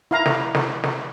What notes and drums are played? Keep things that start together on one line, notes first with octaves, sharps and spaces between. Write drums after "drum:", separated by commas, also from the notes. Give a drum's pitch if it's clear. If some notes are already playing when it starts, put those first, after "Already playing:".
E4 F5 A#5
drum: snare
drum: snare
drum: snare